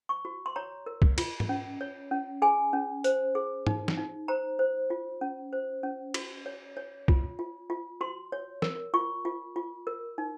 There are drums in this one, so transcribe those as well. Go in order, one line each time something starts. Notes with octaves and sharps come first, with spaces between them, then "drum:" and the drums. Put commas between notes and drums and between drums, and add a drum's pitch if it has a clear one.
C#6
F#4
C6
C#5 A#5
A#4
drum: kick
F4, drum: cymbal
drum: tom G#2
C#4
C#5
C#4
G#4 G#5
C#4
C5, drum: hi-hat
G#4
D#4, drum: tom G#2
drum: snare
D#4
C5 A#5
C5
F4
C#4
C5
C#4
F#4, drum: cymbal
C#5
C#5
F4, drum: kick
F4
F4
F#4 C6
C#5
A#4, drum: snare
F4 C#6
F4
F4
A#4
D#4